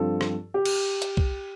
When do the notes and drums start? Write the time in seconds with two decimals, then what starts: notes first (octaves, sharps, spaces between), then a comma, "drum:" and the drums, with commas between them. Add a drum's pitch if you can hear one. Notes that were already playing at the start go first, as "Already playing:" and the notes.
Already playing: G2 F3 C4 A4
0.21 drum: rim click
0.54 G4
0.65 drum: cymbal
1.02 drum: hi-hat
1.17 drum: kick